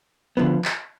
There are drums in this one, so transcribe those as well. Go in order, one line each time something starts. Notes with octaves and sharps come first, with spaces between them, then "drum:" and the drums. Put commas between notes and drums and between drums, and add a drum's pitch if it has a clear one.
D2 D3 F3 B3
drum: clap